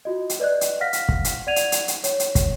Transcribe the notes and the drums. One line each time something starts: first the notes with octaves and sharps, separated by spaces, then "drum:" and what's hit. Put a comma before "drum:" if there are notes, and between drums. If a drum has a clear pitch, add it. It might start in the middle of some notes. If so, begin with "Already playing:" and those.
F4 F#4 D#5
drum: hi-hat
B4 D5 D#5 F#6
drum: hi-hat
F5 F#5 F6 A#6 B6
drum: hi-hat
drum: kick
drum: hi-hat
D5 F#5 G#6 D#7 F7
drum: hi-hat
drum: hi-hat
drum: hi-hat
C#5, drum: hi-hat
drum: hi-hat
drum: kick, hi-hat